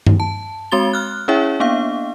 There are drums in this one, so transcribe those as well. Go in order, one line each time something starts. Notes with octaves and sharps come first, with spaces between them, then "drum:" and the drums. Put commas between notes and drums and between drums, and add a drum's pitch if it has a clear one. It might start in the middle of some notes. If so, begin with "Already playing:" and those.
drum: tom G2
A5
G#3 C4 F#4 C6 A6 G7
F6 F#6
C#4 E4 G#4 C#5 E5 G5
A#3 B3 D4 F5